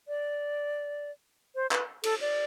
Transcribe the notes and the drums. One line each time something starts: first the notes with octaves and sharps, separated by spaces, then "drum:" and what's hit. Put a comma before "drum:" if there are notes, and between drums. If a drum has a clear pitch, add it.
D5
C5
B4, drum: clap
A4, drum: cymbal
D5